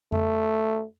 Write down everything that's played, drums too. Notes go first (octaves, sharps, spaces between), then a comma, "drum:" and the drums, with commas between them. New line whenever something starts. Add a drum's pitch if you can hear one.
A3, drum: tom F2